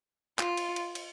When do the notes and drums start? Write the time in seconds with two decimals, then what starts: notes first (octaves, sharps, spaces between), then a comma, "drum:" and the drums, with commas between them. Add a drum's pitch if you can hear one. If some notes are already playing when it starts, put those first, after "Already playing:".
0.39 F4, drum: clap
0.57 drum: cymbal
0.76 drum: cymbal
0.95 drum: cymbal